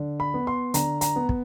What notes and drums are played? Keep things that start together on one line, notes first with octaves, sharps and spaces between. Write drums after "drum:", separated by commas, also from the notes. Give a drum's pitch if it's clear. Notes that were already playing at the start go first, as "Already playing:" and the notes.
Already playing: D3
B5
B3
C6
D3 A#5, drum: hi-hat
A#5, drum: hi-hat
B3
drum: kick